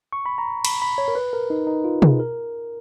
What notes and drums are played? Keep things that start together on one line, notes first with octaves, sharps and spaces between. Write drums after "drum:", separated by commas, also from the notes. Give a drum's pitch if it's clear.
C#6
B5
A#5
B5, drum: cymbal
B5
C#5
A#4
B4
A#4
D#4
D#4
F4
G#4, drum: tom
A#4